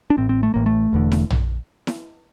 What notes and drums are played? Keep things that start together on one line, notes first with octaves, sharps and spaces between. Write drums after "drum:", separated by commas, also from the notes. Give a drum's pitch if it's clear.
D4
A1 A2 C4
C4
A3
A1 A2 A#3
A3
E1 E2 D3
drum: snare E4
drum: tom A#1
drum: snare E4